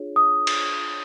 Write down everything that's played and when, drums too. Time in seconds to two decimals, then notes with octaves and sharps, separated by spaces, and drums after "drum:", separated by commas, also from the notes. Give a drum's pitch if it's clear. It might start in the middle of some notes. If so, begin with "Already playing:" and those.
Already playing: D4 F4 G#4 C#5
0.16 D#6
0.47 drum: cymbal